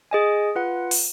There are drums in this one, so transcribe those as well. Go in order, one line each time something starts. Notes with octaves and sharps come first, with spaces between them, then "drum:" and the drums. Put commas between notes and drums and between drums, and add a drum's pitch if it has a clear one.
G#4 D#5 G#5
F4 B4 F#5
drum: open hi-hat